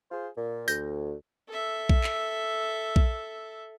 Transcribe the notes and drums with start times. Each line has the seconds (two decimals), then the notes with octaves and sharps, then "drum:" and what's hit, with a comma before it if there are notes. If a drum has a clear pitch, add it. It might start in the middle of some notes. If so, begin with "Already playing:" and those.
0.11 F4 G#4 C5
0.36 A#2
0.68 D2 G6 A#6, drum: tambourine
1.48 A4 E5
1.89 drum: kick A#1
2.04 drum: clap
2.96 drum: kick A#1